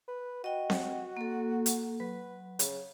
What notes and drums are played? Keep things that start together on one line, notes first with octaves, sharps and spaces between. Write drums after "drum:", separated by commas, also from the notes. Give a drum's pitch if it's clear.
B4
F#4 D#5 G5
drum: snare C4
A#3 A4
drum: hi-hat
F#3 B4
C#3, drum: hi-hat